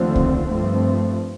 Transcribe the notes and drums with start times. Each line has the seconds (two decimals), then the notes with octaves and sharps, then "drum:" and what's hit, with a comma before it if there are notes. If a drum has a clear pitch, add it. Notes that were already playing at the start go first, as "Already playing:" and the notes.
Already playing: D#2 D3 F3 A3 C4
0.15 drum: kick C2
0.49 G2 F3 A3 C4